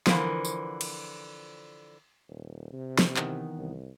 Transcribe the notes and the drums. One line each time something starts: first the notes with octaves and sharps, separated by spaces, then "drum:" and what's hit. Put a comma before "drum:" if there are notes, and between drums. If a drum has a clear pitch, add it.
D3 E3 F3 G#4 A#4 C5, drum: snare
drum: tambourine
drum: cymbal
D#1
C3
drum: snare
D#3 E3 B3, drum: clap
C2